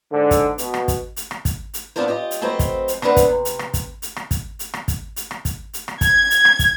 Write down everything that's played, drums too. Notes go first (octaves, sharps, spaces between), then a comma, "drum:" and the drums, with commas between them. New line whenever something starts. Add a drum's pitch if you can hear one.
G#2 D3
drum: kick, hi-hat
B2, drum: hi-hat
drum: rim click
drum: kick, hi-hat
drum: hi-hat
drum: rim click
drum: kick, hi-hat
drum: hi-hat
B3 C4 D4 F4 A#4 C5
F4 G4 D#5
drum: hi-hat
F#3 A3 C4 B4 C5 D#5
drum: kick, hi-hat
drum: hi-hat
A3 B3 C4 D4 B4 F#5, drum: rim click
drum: kick, hi-hat
C3
drum: hi-hat
drum: rim click
drum: kick, hi-hat
drum: hi-hat
drum: rim click
drum: kick, hi-hat
drum: hi-hat
drum: rim click
drum: kick, hi-hat
drum: hi-hat
drum: rim click
drum: kick, hi-hat
drum: hi-hat
drum: rim click
G#6, drum: kick, hi-hat
drum: hi-hat
drum: rim click
drum: kick, hi-hat